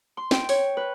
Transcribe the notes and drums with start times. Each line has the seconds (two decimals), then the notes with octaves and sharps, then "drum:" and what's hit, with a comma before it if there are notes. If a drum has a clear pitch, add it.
0.17 C6
0.31 G5, drum: snare
0.49 C#5, drum: open hi-hat
0.77 B4